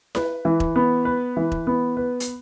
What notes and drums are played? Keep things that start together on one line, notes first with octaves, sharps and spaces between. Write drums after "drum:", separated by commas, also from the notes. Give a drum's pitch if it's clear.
B4, drum: snare E4
E3
drum: kick E1
B3
B4
E3
drum: kick E1
B3
B4
drum: hi-hat